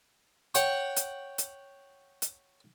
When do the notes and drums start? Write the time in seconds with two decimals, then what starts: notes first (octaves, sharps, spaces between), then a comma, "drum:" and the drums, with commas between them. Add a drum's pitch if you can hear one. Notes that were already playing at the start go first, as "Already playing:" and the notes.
0.55 C#5 F#5 G5 C#6, drum: hi-hat
0.96 drum: hi-hat
1.38 drum: hi-hat
2.22 drum: hi-hat